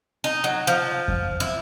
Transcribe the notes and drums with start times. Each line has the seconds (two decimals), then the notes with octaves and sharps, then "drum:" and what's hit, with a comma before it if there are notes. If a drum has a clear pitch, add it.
0.24 D#4
0.44 F#3
0.67 F3
1.08 drum: kick F2
1.40 E4